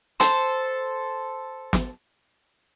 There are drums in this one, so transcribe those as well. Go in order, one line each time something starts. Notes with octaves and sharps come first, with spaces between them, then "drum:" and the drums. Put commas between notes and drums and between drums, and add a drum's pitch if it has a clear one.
A4 C5, drum: hi-hat
drum: snare